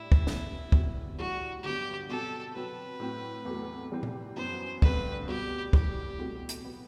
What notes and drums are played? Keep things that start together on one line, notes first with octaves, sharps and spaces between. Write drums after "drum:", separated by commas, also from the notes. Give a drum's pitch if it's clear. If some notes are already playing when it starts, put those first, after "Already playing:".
Already playing: A2 G3 D4 E4
drum: kick
E3 G3 B3, drum: snare
E2 D3 F#3 C4 G4, drum: kick
A2 E3 G3 D4 F#4
G2 D3 F#3 B3 G4
B2 F#3 C4 F#4 A4
C3 F#3 C4 B4
A2 F#3 C4 F#4
E2 C3 F#3 A3
E3 G3 C4
drum: tom A#2
F#2 F#3 B3 F#4 C5
G2 D3 A3 C4 B4, drum: kick
B2 G3 B3 F#4 G4
A2 E3 G3 G4, drum: kick
B2 A3 C4 F#4
drum: hi-hat
F#3 B3